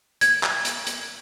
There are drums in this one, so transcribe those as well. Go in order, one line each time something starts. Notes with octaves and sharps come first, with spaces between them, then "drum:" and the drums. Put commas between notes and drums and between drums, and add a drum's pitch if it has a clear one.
G#6, drum: hi-hat
drum: clap
drum: hi-hat
drum: hi-hat